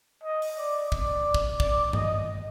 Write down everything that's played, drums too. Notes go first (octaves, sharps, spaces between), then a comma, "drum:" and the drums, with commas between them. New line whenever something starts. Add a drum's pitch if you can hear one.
D#5
drum: open hi-hat
D5
D5, drum: kick
drum: kick
D5, drum: kick
D#5, drum: tom G2